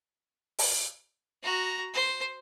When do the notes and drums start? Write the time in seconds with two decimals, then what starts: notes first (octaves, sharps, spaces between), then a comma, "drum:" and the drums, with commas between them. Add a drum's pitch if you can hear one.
0.59 drum: open hi-hat
1.43 F#4 A#5
1.94 C5